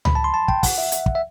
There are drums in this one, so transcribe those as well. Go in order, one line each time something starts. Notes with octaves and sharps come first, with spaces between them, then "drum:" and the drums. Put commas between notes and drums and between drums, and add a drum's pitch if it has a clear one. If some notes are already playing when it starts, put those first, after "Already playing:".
B5, drum: tom C#2
A5
C6
A5
G5, drum: kick
F#5, drum: kick, open hi-hat
E5
drum: hi-hat
drum: kick
E5